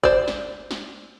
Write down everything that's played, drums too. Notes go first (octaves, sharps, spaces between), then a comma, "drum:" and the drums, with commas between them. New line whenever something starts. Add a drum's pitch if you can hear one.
C5 D5, drum: kick F#1
drum: snare
drum: snare